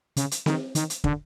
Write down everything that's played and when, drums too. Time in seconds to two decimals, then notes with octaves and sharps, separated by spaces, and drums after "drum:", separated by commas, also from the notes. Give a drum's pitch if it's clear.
0.17 C#3, drum: hi-hat
0.31 drum: hi-hat
0.46 D#3, drum: snare C4
0.75 D#3, drum: hi-hat
0.90 drum: hi-hat
1.04 D3, drum: kick